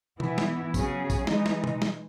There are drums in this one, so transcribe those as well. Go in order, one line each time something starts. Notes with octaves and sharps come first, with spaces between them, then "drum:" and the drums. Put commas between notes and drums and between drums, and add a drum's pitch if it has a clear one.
E3 B3 E4, drum: tom B2
drum: snare
C#3 F#3 C#4 G#4, drum: kick A1, tambourine
drum: kick A1, tambourine
E3 G#3 D#4, drum: snare
drum: snare
drum: tom B2
drum: snare